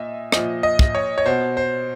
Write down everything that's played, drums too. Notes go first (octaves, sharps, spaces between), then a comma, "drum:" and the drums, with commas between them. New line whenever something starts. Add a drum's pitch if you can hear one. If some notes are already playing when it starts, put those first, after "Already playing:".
Already playing: A#2 D#5 E5
A#2 F3 D#5, drum: rim click
D#5
drum: kick
C#5
C#5
B2 C5
C5